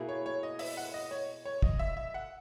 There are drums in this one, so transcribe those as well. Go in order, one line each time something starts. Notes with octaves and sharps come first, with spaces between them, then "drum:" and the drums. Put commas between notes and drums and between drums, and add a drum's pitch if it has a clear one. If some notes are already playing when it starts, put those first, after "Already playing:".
Already playing: B2 A#3 E4 G#4
C#5
C#5
D#5
E5, drum: open hi-hat
F#5
D#5
C#5
C#5
D#5, drum: kick
E5
E5
F#5